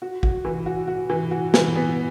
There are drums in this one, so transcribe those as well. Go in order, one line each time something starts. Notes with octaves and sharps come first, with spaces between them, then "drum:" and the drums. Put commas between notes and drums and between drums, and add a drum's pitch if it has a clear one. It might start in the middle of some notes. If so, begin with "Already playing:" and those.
F#4
F#4, drum: kick
E3
F#4
F#4
E3
F#4
E3, drum: snare
B3